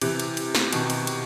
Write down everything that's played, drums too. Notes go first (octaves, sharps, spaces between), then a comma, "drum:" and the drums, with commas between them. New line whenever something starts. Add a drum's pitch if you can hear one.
C3 E3, drum: cymbal
drum: cymbal
drum: cymbal
drum: snare
B2 D#3, drum: cymbal
drum: cymbal
drum: cymbal